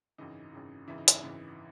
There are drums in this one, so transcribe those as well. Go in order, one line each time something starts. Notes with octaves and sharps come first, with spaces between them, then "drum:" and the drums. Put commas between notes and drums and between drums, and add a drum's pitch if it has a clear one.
G#1 F#2 C#3 E3 D#4
G#1 F#2 C#3 E3
G#1 F#2 C#3 E3 E4
D#4
E4, drum: hi-hat
G#1 F#2 C#3 E3